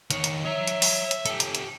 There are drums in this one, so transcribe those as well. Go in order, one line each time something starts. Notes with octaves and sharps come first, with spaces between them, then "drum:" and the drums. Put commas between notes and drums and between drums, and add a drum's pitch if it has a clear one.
D#3 C#5, drum: hi-hat
drum: hi-hat
C#5 E5 A#5
drum: hi-hat
drum: open hi-hat
drum: hi-hat
G4 A4, drum: hi-hat
drum: hi-hat
drum: hi-hat